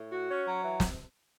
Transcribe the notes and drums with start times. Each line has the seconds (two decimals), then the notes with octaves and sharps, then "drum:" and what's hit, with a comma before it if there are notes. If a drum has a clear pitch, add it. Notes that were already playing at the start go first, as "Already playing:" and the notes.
Already playing: A2
0.11 F#4
0.28 C#4
0.45 F#3
0.62 E3
0.80 drum: snare